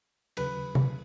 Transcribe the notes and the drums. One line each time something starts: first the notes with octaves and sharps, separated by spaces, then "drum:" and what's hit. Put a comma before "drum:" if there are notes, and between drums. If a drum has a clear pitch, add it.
D#2 C#3 F#3 B4, drum: cymbal
drum: tom